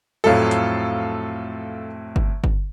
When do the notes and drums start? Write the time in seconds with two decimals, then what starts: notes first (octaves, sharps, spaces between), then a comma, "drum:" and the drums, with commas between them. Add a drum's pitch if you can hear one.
0.24 F2 A2 F#3 A4 F5
0.51 drum: hi-hat
2.16 drum: kick G1
2.44 drum: kick G1